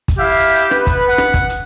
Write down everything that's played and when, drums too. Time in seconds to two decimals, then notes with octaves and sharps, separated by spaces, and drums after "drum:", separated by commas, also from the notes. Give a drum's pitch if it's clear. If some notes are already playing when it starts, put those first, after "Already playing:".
0.08 drum: kick, hi-hat
0.17 E4 G4 E5 F5
0.40 drum: hi-hat
0.55 drum: hi-hat
0.71 B3 B4, drum: rim click
0.87 drum: kick, hi-hat
1.08 F#5
1.18 drum: rim click
1.34 drum: kick, hi-hat
1.49 drum: hi-hat